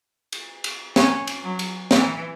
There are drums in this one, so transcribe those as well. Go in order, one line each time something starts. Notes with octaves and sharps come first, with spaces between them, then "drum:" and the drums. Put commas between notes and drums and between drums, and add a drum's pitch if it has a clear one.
drum: cymbal
drum: cymbal
C#4, drum: snare
drum: cymbal
F#3
drum: cymbal
E3, drum: snare